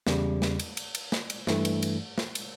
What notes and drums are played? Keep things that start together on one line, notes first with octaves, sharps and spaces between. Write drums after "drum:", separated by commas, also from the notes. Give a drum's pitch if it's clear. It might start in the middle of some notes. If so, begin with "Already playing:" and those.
E2 C#3 G3, drum: snare
drum: snare
drum: cymbal
drum: cymbal
drum: cymbal
drum: snare
drum: cymbal
G2 E3 A3, drum: snare
drum: cymbal
drum: cymbal
drum: snare
drum: cymbal